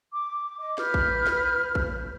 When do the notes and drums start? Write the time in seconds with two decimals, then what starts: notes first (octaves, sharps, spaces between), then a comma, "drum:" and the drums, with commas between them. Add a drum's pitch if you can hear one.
0.11 D6
0.58 D#5 D6
0.78 B4 F6 G6, drum: snare
0.94 drum: kick A1
1.27 drum: snare
1.75 drum: kick A1